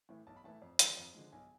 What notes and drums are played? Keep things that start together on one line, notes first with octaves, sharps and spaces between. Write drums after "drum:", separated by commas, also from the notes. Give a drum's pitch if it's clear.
A2 E3 A3
B1 A5
B5
A2 E3 A3 A5
F2
D3 F3 G#3, drum: hi-hat
F2
D3 F3 G#3
B1 G#5